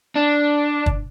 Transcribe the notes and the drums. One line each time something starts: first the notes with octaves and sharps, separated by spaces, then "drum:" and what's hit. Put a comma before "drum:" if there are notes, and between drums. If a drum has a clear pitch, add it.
D4
drum: kick